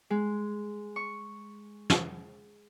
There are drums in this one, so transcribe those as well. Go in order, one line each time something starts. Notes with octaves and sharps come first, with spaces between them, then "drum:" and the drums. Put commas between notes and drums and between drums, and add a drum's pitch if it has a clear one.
G#3
C#6
drum: snare